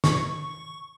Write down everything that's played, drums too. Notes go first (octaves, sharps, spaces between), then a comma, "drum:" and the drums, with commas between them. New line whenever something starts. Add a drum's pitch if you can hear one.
C#6, drum: snare